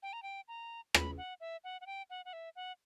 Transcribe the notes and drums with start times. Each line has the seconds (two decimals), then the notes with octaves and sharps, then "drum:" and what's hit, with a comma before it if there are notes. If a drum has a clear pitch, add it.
0.03 G5
0.13 A#5
0.23 G5
0.48 A#5
0.94 B5, drum: rim click
1.17 F#5
1.40 E5
1.64 F#5
1.81 F#5
1.86 G5
2.10 F#5
2.25 F#5
2.33 E5
2.56 F#5